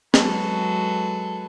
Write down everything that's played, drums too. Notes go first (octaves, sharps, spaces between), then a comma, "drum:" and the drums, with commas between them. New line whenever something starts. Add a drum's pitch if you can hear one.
F#3 G#3 F#4 A4 B4, drum: snare